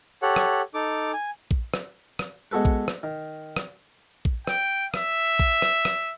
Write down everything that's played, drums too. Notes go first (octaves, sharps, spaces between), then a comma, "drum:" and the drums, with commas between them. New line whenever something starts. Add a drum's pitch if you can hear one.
G4 A4 C#5 F#5
drum: rim click
D#4 A4 D6
G#5
drum: kick A#1
drum: rim click
drum: rim click
G#3 B3 F#4 A4 B4
drum: kick A#1
drum: rim click
D#3
drum: rim click
drum: kick A#1
G5, drum: rim click
E5, drum: rim click
drum: kick A#1
drum: rim click
drum: rim click